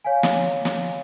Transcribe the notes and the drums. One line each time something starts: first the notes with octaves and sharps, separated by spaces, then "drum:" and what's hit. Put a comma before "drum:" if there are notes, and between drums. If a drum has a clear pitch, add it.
C#5 F5 G#5
drum: snare
drum: snare